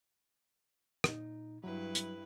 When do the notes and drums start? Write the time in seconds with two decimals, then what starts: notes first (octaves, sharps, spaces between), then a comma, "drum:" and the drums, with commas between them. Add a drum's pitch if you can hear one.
1.04 A#2 D#4, drum: rim click
1.64 G2 F#3 E4 B4
1.95 drum: hi-hat